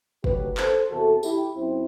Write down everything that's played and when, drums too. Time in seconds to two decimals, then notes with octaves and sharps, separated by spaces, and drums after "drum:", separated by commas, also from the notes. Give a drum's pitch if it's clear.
0.24 D2 D3 F#3 G4 B4, drum: kick
0.57 A4 C5, drum: clap
0.90 E2 C3 E3 F#4 A4
1.23 E4 G4, drum: tambourine
1.56 F#2 C4 E4